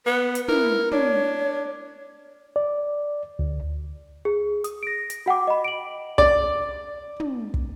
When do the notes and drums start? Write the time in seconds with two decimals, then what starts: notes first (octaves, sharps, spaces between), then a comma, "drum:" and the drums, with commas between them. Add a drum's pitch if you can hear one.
0.06 B3 B4
0.35 drum: hi-hat
0.48 E4 A#4, drum: tom
0.91 D4 C#5, drum: tom
2.56 D5
3.39 D2
4.25 G#4
4.64 D#6, drum: hi-hat
4.83 A#6 D7
5.10 drum: hi-hat
5.26 F#4 F#5 G5 D6
5.47 D#5 B5
5.65 D7 F#7
6.18 D5, drum: kick
7.20 drum: tom
7.54 drum: kick